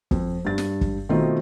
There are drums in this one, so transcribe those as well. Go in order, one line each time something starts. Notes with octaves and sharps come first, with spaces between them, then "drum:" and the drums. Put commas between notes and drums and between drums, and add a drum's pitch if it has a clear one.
F2, drum: kick
G2 A6
drum: snare
drum: kick
B2 D#3 A3 C4 D#4 F4